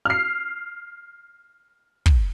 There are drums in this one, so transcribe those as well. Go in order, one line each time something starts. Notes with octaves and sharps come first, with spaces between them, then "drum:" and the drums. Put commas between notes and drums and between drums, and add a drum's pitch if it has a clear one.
F6 C7
drum: kick